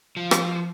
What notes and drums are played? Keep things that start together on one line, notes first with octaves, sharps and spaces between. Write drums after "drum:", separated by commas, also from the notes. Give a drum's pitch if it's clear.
F3
drum: rim click